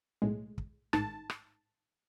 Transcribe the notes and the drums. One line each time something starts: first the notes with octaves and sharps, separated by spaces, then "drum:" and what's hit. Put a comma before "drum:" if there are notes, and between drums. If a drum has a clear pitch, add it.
B1 A2 G#3
drum: kick
A1 G#2 D#3 A5, drum: rim click
drum: rim click